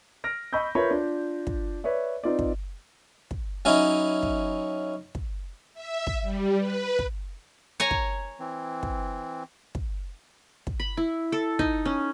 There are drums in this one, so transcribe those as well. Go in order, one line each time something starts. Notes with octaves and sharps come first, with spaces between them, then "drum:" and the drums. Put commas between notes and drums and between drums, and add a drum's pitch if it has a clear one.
F6 A#6 D7
D#5 B5 C#6 E6 G6
F4 A#4 B4 C#5 E5 B5
D4 F4
drum: kick
B4 C#5 D5 E5
C4 D#4 F4 B4 D5
drum: kick
drum: kick
F#3 C#4 D#4 E4
drum: kick
drum: kick
E5
drum: kick
G3
B4
drum: kick
C#5 G#5 A#5
drum: kick
E3 C4
drum: kick
drum: kick
drum: kick
B5
E4
A4
D#4, drum: kick
C#4